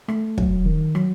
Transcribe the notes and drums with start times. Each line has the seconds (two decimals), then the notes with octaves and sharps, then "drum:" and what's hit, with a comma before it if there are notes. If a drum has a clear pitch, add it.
0.08 A3, drum: rim click
0.38 F#3, drum: kick
0.66 D#3
0.95 F#3, drum: rim click